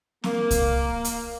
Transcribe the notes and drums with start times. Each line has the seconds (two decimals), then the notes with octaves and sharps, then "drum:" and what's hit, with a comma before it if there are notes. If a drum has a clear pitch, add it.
0.24 A#3, drum: snare C4
0.51 drum: kick C2, hi-hat
1.05 drum: hi-hat